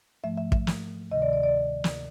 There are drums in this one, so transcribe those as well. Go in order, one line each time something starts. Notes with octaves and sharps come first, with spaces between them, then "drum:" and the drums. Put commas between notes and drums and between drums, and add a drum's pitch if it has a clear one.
G#2 F3 A3 E5
E5
E5, drum: kick
drum: snare
D2 C3 D#3 D#5
D5
D5
D5
drum: snare